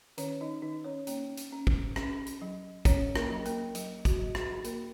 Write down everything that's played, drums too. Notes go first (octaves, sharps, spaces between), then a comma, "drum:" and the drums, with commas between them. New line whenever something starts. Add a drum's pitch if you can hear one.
D#3 C#4 C#5, drum: hi-hat
D#4 D#5
D#3 D#4 D#5
C#4 C#5
A#3 C#4 C#5, drum: hi-hat
drum: hi-hat
C#4
drum: kick
C#4, drum: rim click
drum: hi-hat
F#3
C#4 C#5, drum: kick, hi-hat
A#3 A#4, drum: rim click
F#3
A#3 A#4, drum: hi-hat
F#3, drum: hi-hat
F#4, drum: kick, hi-hat
F#3
F#4, drum: rim click
A#3 A#4, drum: hi-hat